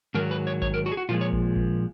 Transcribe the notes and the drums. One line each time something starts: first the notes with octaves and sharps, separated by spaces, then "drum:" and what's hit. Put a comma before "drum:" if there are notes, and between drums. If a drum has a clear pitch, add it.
G#2 D#3 F#3 A#4
B4
C#5
C#5, drum: kick A1
A#4
F#4
G#4
F#4
A#2 F3 G#3 F4
C#5
drum: kick A1
drum: kick A1